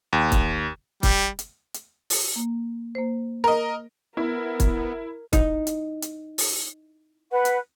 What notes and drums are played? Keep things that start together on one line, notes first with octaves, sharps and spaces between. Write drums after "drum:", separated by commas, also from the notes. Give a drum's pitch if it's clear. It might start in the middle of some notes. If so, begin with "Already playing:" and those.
D#2
drum: kick, hi-hat
G3, drum: kick, hi-hat
drum: hi-hat
drum: hi-hat
drum: open hi-hat
A#3
A#3 C5
A#4 D#5
B3 E4 A#4
drum: kick, hi-hat
D#4, drum: kick, hi-hat
drum: hi-hat
drum: hi-hat
drum: open hi-hat
B4 F#5
drum: hi-hat